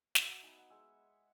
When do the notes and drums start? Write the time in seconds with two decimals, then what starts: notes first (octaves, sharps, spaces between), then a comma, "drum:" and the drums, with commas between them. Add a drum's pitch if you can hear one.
0.15 F#3 E5, drum: snare
0.29 F#5
0.43 B3 D#4 G#5
0.58 F#5
0.70 G#3 E5